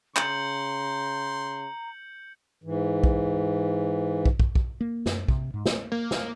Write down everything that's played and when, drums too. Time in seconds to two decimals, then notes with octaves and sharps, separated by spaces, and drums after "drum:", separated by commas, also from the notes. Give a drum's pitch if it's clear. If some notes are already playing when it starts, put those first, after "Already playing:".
0.16 C#3 A#5 C6 G6 C#7 F#7, drum: clap
2.64 G#2 E3
3.03 drum: kick
4.25 drum: kick
4.40 drum: kick
4.55 drum: kick
4.81 A#3
5.06 F#2, drum: snare
5.28 C3, drum: kick
5.54 G#2
5.66 drum: snare
5.92 A#3
6.11 drum: snare